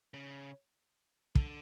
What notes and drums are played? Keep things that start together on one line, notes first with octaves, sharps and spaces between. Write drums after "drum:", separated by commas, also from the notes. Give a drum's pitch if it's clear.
C#3
D3, drum: kick